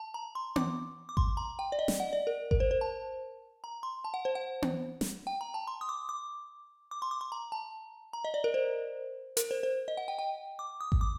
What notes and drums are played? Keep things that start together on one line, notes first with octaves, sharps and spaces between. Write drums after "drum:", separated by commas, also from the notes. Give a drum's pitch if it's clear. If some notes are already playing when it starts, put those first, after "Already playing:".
Already playing: A5
A#5
C6
D6, drum: tom B3
D6
C6, drum: kick G#1
A#5
G5
D5
D#5
drum: snare
F#5
D5
A#4
A#4, drum: kick G#1
C5
C5
A5
A#5
C6
A5
F#5
C5
F#5
drum: tom B3
drum: snare
G5
A#5
A5
C6
D#6
D6
D6
D6
C6
D6
C6
A#5
A5
A#5
D#5
D5
A#4
C5
A#4, drum: hi-hat
C5
C5
D#5
F#5
G5
G5
D6
D#6
drum: kick G#1
D6